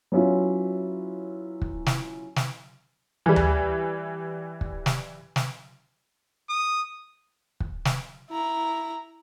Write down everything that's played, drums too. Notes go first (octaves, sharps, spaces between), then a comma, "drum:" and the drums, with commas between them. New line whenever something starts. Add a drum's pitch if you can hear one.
F#3 B3 C#4 E4 F4
drum: kick
drum: snare
drum: snare
E3 G3
drum: tom D2
drum: kick
drum: snare
drum: snare
D#6
drum: kick
drum: snare
E4 A#5